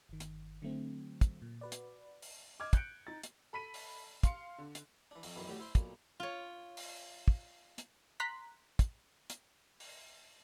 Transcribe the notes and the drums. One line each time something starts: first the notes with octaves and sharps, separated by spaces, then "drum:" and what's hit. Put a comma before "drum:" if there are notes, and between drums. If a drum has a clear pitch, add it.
G1 D#3
drum: hi-hat
D3 F#3 A3 C4
drum: kick, hi-hat
A#2
F#4 B4 D5
drum: hi-hat
drum: open hi-hat
D#5 D6 F6 G#6
F#6 G6 C#7 D7, drum: kick, hi-hat
D#4 A6
drum: hi-hat
A4 B5 B6 D#7
drum: open hi-hat
F5 C6 C#7, drum: kick, hi-hat
D3
drum: hi-hat
E3 D4
F2, drum: open hi-hat
B1 F#2 D#3 E3
A2 F#4 G4 D5
E4 C5 C6
B1 A#2, drum: kick, hi-hat
F4 C#5
drum: open hi-hat
drum: kick
drum: hi-hat
A#5 C6 F#6 B6
drum: kick, hi-hat
drum: hi-hat
drum: open hi-hat